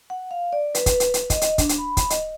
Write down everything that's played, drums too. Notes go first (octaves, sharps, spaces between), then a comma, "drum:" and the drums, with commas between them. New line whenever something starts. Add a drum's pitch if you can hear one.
F#5
F5
D5
B4, drum: hi-hat
drum: kick, hi-hat
drum: hi-hat
drum: hi-hat
D#5, drum: kick, hi-hat
drum: hi-hat
D4, drum: kick, hi-hat
drum: hi-hat
B5
drum: kick, hi-hat
D#5, drum: hi-hat